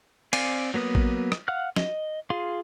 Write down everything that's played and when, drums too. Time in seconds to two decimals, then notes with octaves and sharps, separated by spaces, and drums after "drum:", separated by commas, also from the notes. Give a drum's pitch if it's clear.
0.33 C4 D5 F5 G#5, drum: cymbal
0.74 F#3 A#3 B3 B4 D#6
0.95 drum: kick A1
1.32 drum: rim click
1.48 F5 F#5 F6 F#6
1.76 D#5, drum: snare
2.30 F4 G#4 F5 C6